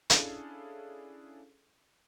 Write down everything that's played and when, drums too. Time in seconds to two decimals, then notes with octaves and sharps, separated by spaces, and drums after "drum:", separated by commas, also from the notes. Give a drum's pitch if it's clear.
0.10 C#4 D4 E4 G#4 A4 F5, drum: hi-hat